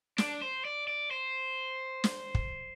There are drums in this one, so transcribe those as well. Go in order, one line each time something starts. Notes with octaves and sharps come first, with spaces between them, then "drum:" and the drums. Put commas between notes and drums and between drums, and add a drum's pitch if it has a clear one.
D4, drum: snare
C5
D5
D5
C5
drum: snare
drum: kick